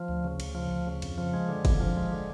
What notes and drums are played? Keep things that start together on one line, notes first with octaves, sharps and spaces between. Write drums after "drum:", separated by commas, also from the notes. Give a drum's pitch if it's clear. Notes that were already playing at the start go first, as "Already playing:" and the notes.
Already playing: F3
D2
C#3
D2, drum: cymbal
F3
D2
C#3
F2, drum: cymbal
F3
G#3
D3
F2, drum: kick, cymbal
F3
G#3
D3